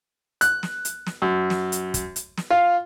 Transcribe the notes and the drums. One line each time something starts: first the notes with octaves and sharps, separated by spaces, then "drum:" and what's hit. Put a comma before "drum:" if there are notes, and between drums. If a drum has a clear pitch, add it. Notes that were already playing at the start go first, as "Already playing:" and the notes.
F#6, drum: hi-hat
drum: snare
drum: hi-hat
drum: snare
F#2
drum: snare
drum: hi-hat
drum: kick, hi-hat
drum: hi-hat
drum: snare
F4